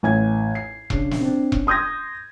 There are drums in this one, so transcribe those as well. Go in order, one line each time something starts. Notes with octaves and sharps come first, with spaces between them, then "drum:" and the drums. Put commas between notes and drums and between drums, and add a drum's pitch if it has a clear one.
A1 G#5 G#6
C7
C#3 D4, drum: kick E1
drum: snare
C4 D4
C#4, drum: kick E1
C6 D#6 G6 G#6 A#6